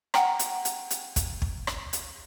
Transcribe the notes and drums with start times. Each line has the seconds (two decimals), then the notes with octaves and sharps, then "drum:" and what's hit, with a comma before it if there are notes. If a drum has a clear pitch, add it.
0.14 F#5 G5 A#5, drum: rim click
0.39 drum: hi-hat
0.65 drum: hi-hat
0.91 drum: hi-hat
1.16 drum: kick, hi-hat
1.42 drum: kick
1.67 drum: rim click
1.93 drum: hi-hat